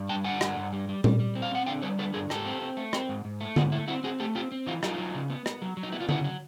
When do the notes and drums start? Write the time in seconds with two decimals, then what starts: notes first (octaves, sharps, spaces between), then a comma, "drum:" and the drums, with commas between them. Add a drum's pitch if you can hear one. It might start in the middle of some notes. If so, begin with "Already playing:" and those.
Already playing: G2
0.09 G3 G5 A5
0.24 D3 F#5 G#5
0.41 G2, drum: rim click
0.57 G2
0.72 G3
0.89 G3
1.04 G3, drum: tom A#2
1.20 G3
1.35 C4
1.42 F5
1.51 C4 F#5
1.66 D3 F5 G5
1.82 G3 B4 C#5
1.98 D3 A4 B4
2.14 G2 G#4 A#4
2.30 G#2 G4 A4, drum: rim click
2.46 C4
2.62 C4
2.77 A3
2.93 C4, drum: rim click
3.09 G#2
3.25 G#2
3.40 A3
3.56 G#2 F#4 G#4, drum: tom D3
3.72 A3 E4
3.88 C4 E4 F#4
4.04 C4 F#4 G#4
4.20 A3 G4 A4
4.35 C4 F4 G4
4.52 C4
4.66 E3 D#4 F4
4.83 F#3 D#4 F4, drum: rim click
4.98 F#3
5.14 C#3
5.30 B3
5.46 B3, drum: rim click
5.62 F#3
5.77 F#3
5.83 D#4
5.92 B3 E4
6.00 F4
6.09 C#3 E4 F#4, drum: tom D3
6.24 F#3